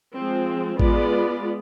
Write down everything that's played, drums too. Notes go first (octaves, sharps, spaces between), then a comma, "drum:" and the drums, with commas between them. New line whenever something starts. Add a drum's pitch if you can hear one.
F3 G#3 C4
G#3 B3 F4 B4 D5, drum: kick A1